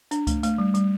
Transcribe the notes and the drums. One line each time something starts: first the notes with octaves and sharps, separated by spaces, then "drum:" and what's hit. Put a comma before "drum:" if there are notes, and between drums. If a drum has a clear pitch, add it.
D4, drum: hi-hat
A3, drum: kick C#2, hi-hat
A3, drum: hi-hat
G3
G3, drum: hi-hat